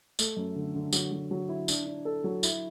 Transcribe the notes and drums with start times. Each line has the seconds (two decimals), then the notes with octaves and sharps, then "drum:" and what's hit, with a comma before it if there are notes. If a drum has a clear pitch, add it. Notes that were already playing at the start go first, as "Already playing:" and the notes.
0.19 A3, drum: tambourine
0.37 F#2
0.56 D3
0.75 D3
0.93 F#3, drum: tambourine
1.12 F#3
1.31 F#3
1.49 E4
1.68 D4, drum: tambourine
1.86 D4
2.05 A4
2.24 F#3
2.43 E4, drum: tambourine